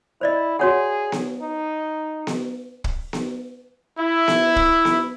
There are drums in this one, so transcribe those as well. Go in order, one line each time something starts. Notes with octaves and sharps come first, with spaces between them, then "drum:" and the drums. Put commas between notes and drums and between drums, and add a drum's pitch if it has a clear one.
E4 C5 D5 D#5
F#4 G#4 C#5 F#5
drum: snare B3
D#4
drum: snare B3
drum: kick
drum: snare B3
E4
drum: snare B3
drum: kick
drum: snare B3